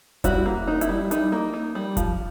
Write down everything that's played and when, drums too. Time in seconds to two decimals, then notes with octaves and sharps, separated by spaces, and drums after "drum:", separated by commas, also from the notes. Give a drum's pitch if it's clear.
0.24 G3 E4 F#4, drum: kick F1, hi-hat
0.46 A#3
0.68 D#4
0.81 E4, drum: hi-hat
0.89 G3
1.11 G3 D#4, drum: hi-hat
1.32 A#3
1.54 D#4
1.75 G3
1.97 F3, drum: kick F1, hi-hat